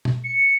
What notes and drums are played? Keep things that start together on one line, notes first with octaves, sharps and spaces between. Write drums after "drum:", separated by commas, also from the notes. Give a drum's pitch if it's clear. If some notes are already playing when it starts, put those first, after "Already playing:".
drum: tom
C#7